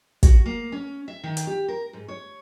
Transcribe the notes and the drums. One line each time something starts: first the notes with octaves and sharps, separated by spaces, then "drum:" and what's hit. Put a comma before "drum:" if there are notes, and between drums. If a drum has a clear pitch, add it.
F#4, drum: kick, hi-hat
A#3
C#4
E5
D#3
drum: hi-hat
G4
A#4
G#2
C#5